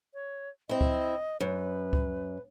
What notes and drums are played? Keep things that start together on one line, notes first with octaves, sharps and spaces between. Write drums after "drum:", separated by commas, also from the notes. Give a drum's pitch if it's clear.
C#5
C4 E4 D#5
drum: kick C#2
F#2 B4
drum: kick C#2